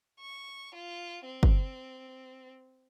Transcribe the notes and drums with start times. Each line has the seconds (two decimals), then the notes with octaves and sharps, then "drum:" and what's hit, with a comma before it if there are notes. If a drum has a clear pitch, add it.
0.20 C#6
0.74 F4
1.25 C4
1.43 drum: kick G1